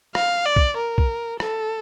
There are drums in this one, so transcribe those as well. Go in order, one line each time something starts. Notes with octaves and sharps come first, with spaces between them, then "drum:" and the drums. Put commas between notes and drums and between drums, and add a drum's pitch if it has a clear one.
F5, drum: rim click
D5
drum: kick B1
A#4
drum: kick B1
A4, drum: rim click